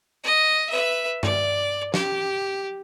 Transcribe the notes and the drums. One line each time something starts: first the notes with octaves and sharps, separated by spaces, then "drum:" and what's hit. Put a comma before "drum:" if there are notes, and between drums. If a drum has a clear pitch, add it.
D#5
B4 E5
D5, drum: tom G2
G4, drum: snare